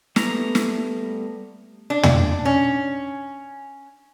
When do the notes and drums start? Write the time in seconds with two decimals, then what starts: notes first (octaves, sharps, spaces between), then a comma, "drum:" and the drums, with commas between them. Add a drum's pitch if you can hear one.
0.16 G3 A3 B3 A#5, drum: snare
0.55 drum: snare
1.90 D4
2.03 drum: tom
2.45 C#4